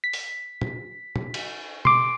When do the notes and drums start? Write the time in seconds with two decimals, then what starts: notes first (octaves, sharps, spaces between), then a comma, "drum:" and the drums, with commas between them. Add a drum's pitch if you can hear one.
0.04 B6
0.13 drum: open hi-hat
0.62 drum: tom
1.16 drum: tom
1.34 drum: cymbal
1.85 C6 D6, drum: tom B2